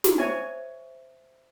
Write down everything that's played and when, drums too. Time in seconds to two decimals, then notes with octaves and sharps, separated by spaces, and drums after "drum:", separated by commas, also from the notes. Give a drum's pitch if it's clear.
0.04 drum: snare
0.18 C5 C#5 E5 G#5